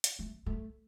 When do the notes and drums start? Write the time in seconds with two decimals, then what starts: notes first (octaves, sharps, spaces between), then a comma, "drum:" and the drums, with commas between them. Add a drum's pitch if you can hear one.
0.04 drum: hi-hat
0.19 A3
0.46 A3